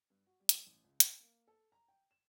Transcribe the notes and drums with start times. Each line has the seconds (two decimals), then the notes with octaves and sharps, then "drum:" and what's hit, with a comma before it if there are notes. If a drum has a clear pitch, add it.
0.10 G2
0.27 F#4
0.40 G3
0.49 drum: hi-hat
0.67 A1
0.84 C#2
1.00 A5, drum: hi-hat
1.20 A#3
1.48 A4
1.72 A#5
1.88 G5
2.11 E7